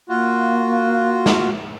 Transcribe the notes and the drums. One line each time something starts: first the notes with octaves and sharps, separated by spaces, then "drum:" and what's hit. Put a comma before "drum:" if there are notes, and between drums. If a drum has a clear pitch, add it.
A#3 F4 F#4
drum: snare